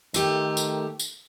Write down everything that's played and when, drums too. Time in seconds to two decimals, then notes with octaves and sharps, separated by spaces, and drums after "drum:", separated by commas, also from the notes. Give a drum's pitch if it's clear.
0.14 D#3 A3 G4, drum: tambourine
0.57 drum: tambourine
1.00 drum: tambourine